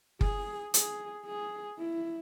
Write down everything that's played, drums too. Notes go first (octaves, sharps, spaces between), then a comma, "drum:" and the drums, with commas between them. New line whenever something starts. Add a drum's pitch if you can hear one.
G#4, drum: kick F#1
G#4, drum: hi-hat
G#4
E4